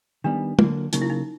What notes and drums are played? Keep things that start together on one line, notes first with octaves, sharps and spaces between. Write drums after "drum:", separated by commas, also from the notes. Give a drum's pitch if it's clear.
D#3 G3 B3 D4
D3 F#3 A#3, drum: tom
C#3 F#3 A#3 D#4, drum: hi-hat
E4
D#4